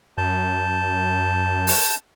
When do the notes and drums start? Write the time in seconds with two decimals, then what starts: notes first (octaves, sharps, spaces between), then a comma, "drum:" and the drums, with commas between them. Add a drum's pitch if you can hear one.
0.18 F#2 A5 G6
1.67 drum: open hi-hat